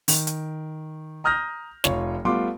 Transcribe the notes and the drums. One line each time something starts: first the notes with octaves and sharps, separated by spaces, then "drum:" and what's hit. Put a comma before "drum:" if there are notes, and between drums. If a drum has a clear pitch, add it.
D#3, drum: open hi-hat
drum: hi-hat
A#5 D#6 F6 G6 A#6
F1 F4 C#5, drum: snare
G3 A3 B3 F4 C6 D6